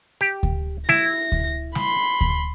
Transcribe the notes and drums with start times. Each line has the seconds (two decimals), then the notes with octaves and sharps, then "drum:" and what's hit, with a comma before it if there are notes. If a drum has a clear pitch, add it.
0.21 G4
0.43 drum: kick D2
0.89 E4 A#6, drum: snare
1.32 drum: kick D2
1.75 B5 C6, drum: snare
2.21 drum: kick D2